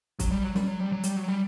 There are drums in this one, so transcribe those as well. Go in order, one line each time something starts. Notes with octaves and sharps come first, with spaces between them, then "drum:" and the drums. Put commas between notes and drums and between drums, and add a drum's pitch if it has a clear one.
F#3, drum: kick, hi-hat
G3
F#3
G3, drum: snare
F#3
G3
F#3
G3, drum: hi-hat
F#3
G3